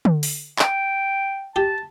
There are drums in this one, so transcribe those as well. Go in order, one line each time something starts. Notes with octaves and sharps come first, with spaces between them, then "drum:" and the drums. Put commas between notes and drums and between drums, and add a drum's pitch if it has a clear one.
drum: tom D3
drum: open hi-hat
G5, drum: clap
G4 A5